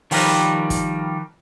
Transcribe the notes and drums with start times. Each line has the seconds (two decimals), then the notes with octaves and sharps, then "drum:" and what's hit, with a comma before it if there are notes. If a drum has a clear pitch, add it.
0.11 D#3 F3 G3 G4 A#4 B4, drum: open hi-hat
0.70 drum: kick, hi-hat